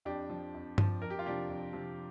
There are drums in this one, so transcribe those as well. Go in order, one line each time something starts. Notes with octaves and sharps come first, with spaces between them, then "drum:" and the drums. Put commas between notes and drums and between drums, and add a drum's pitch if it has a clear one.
F2 D4 G4
F3
F2
F3, drum: tom G2
F2 A#4
G4
F4
C3 F3 D4 G4
F2
C3 F3